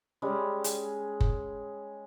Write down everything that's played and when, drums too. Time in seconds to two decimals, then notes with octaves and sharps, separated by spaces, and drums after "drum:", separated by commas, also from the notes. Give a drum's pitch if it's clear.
0.22 G3 G#3 C#4
0.64 G#4, drum: hi-hat
1.20 drum: kick F#1